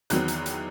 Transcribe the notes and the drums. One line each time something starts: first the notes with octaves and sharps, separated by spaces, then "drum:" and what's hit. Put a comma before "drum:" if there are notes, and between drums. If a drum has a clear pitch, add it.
E2 D#3 F#3 B3 F#6, drum: hi-hat
drum: hi-hat
drum: hi-hat